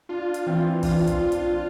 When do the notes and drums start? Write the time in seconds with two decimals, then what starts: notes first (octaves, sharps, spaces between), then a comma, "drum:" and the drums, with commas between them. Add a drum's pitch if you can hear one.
0.09 D4 F4
0.34 drum: hi-hat
0.47 E3 C4
0.83 D4 F4, drum: kick, open hi-hat
1.07 drum: kick, hi-hat
1.20 D4 F4
1.32 drum: hi-hat